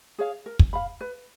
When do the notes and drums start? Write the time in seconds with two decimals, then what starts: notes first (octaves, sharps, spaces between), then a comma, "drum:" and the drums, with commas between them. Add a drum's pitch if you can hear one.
0.19 G#4 C#5 F5
0.46 A#4
0.59 drum: kick
0.73 F5 B5
1.01 B4